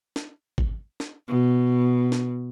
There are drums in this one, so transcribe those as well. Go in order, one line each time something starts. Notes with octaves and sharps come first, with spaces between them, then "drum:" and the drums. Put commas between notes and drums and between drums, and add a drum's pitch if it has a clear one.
drum: snare
drum: kick
drum: snare
B2
drum: snare